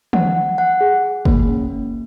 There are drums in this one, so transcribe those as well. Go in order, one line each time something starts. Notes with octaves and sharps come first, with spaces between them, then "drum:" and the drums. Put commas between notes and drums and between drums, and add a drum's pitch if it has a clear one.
F#5, drum: tom
F#5
F#5
G#4
G#4
A#3, drum: kick F#1
C#4
A#3